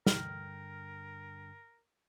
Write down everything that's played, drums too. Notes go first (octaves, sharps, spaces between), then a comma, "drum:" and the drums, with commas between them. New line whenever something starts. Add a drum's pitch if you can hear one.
G2 D3 A#4 G5 F6, drum: snare